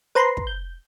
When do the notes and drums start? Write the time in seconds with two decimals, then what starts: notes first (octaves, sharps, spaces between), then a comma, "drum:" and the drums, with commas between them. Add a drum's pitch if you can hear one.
0.15 B4 C5 A#5 C6
0.37 drum: kick
0.47 G6